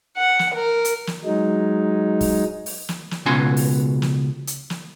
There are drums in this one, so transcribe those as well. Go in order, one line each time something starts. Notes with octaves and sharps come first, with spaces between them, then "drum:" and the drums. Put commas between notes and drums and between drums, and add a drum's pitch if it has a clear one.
F#5
drum: snare
A#4
drum: hi-hat
drum: snare
F#3 G#3 D#4
drum: kick, open hi-hat
drum: open hi-hat
drum: snare
drum: snare
C#2 B2 C#4 F#4 G#5 C6
drum: open hi-hat
drum: snare
drum: hi-hat
drum: snare